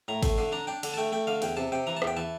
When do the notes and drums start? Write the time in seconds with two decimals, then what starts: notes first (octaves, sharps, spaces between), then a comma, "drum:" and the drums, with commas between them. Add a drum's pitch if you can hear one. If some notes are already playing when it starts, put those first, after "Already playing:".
0.08 A2 A#5
0.23 A3 C6, drum: kick, cymbal
0.38 D3 C6
0.52 D4 A#5
0.67 D4 G5
0.83 D3, drum: cymbal
0.94 A5
0.97 A3 G5
1.12 A3 G5
1.27 D3 F5
1.42 E2 G5, drum: cymbal
1.57 C3 A5
1.72 C3 G5
1.87 E3 A#5
1.97 A5
2.02 E2, drum: rim click
2.07 G5
2.17 E3 A5